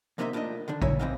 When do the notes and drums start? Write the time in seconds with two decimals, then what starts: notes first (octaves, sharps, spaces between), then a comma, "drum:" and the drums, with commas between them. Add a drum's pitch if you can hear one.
0.18 E2 C3 A#3 D#4 B4 E5
0.33 A2 D4 F4 A#4 D#5
0.68 D3 D#3 D4
0.82 D#4 E4 C#5 E5 G#5, drum: kick A1
0.99 C3 D#3 E3 C4 D#5 F5